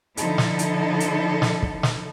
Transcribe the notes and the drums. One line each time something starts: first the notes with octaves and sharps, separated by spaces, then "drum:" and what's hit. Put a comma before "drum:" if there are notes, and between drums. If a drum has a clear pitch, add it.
D3 F3 D#4 E4 A4, drum: hi-hat
drum: snare
drum: hi-hat
drum: hi-hat
drum: snare
drum: kick
drum: snare